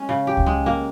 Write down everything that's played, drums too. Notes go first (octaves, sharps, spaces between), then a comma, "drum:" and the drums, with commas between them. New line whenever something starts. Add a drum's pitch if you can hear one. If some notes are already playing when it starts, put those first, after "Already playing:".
Already playing: G#3 C#4
C#3
G4
drum: kick C#2
G#3
A#3